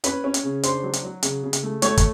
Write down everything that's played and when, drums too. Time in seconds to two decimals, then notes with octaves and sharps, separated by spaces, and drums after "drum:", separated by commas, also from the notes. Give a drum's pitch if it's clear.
0.04 C#4 B4 B5, drum: hi-hat
0.24 C#4
0.34 drum: hi-hat
0.43 C#3
0.63 D4 C5 C6, drum: hi-hat
0.83 F#3
0.93 drum: hi-hat
1.04 F#3
1.23 C#3, drum: hi-hat
1.43 C#3
1.53 drum: hi-hat
1.63 A3
1.82 A3 C#5 C#6, drum: hi-hat
1.97 drum: kick, hi-hat